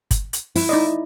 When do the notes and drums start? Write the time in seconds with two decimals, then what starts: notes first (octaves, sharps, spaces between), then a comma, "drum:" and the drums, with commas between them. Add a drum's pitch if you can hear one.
0.11 drum: kick G1, hi-hat
0.33 drum: hi-hat
0.55 E4, drum: open hi-hat
0.69 D#4 D5 D#5